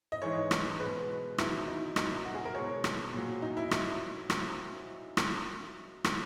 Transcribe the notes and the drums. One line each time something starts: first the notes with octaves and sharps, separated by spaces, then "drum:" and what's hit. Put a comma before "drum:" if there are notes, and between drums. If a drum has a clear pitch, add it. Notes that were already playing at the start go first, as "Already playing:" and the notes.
D#5
G#2 E3 G#3 C#5
drum: rim click
B2 G#3 B4
E2 D#3 F#3 E4, drum: rim click
D#4
B2 F#3 D#4, drum: rim click
E4
F#4
G#4
A#4
B2 G#3 C#5
drum: rim click
A#2 F#3
D#4
E4
drum: rim click
drum: rim click
drum: rim click
drum: rim click